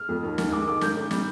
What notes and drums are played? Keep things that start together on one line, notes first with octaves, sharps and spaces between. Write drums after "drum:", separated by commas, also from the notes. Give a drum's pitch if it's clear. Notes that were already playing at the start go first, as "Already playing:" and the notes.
Already playing: F6
F2
D#2
D#2, drum: snare
G#3 D6
D#3 D6
G#1 G6, drum: snare
G#1
G3, drum: snare